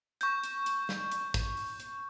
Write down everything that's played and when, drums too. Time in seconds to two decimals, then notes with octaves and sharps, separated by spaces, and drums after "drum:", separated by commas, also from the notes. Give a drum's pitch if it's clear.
0.21 C#6 G6, drum: hi-hat
0.44 drum: hi-hat
0.66 drum: hi-hat
0.89 drum: snare
1.12 drum: hi-hat
1.34 drum: kick, hi-hat
1.57 drum: open hi-hat
1.80 drum: hi-hat